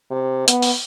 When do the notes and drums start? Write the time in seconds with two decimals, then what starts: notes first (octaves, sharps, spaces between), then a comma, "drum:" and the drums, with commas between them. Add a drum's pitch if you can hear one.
0.11 C3
0.48 B3, drum: hi-hat
0.62 drum: open hi-hat